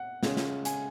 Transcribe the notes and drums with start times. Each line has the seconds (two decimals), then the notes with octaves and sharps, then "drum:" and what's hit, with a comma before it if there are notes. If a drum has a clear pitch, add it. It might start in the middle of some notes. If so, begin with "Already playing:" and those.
Already playing: F#5
0.23 C#3 G#3 C#4, drum: snare
0.37 drum: snare
0.65 G#5, drum: hi-hat